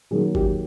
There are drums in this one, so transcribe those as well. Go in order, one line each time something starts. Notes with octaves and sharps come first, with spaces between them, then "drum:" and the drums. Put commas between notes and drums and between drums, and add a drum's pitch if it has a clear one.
D#3 F#3 A#3 G#4
G4, drum: kick G#1